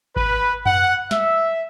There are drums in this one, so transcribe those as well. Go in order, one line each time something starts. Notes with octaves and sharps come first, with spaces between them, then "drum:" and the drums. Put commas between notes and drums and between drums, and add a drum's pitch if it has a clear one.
B4, drum: kick G#1
F#5, drum: tom F#2
E5, drum: snare